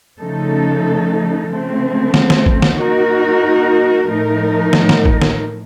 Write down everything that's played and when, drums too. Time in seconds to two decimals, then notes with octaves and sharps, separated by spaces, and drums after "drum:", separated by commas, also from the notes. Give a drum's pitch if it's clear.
0.19 C#3 F3 A3 D#4 A4
1.49 C#3 F3 A3 C4
2.14 drum: snare
2.30 drum: snare
2.46 drum: kick
2.62 drum: snare
2.78 A#3 D#4 F#4 A#4
4.08 A2 F3 A3 D#4 A#4
4.73 drum: snare
4.89 drum: snare
5.05 drum: kick
5.22 drum: snare